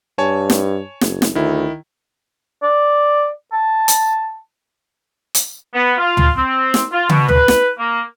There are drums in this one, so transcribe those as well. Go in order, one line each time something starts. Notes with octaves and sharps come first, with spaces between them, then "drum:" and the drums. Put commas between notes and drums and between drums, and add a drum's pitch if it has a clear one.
G2 C#5 G#5 A5
drum: snare
F#1, drum: snare
drum: snare
D2 D#3 E4
D5
A5
drum: hi-hat
drum: hi-hat
B3
F4
drum: tom
C4
drum: snare
F4
B2, drum: tom
B4, drum: tom
drum: snare
A#3